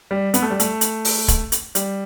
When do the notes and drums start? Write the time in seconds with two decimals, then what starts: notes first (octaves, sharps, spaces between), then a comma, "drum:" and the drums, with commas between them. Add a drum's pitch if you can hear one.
0.11 G3
0.34 B3, drum: hi-hat
0.42 A3
0.51 G3
0.60 A3, drum: hi-hat
0.81 drum: hi-hat
1.05 drum: open hi-hat
1.28 drum: kick, hi-hat
1.52 drum: hi-hat
1.75 G3, drum: hi-hat